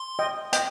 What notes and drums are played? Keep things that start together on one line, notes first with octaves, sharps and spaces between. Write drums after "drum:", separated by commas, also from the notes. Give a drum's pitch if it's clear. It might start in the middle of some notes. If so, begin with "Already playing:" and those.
Already playing: C6
D#5 G5
D#5 G5, drum: hi-hat